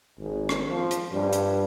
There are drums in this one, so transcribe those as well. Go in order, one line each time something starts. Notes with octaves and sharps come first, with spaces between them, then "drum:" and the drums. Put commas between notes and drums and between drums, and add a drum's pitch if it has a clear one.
G#1
drum: rim click
F3
drum: hi-hat
G2
drum: hi-hat